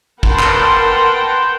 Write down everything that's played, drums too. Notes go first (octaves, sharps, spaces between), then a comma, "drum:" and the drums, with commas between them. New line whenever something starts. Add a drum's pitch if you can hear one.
A#4 B4 F#5 G5 A5 C6, drum: kick
drum: clap